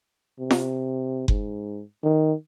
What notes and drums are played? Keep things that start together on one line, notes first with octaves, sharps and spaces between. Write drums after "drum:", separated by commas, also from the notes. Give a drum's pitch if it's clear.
C3
drum: snare
G#2, drum: kick F#1
D#3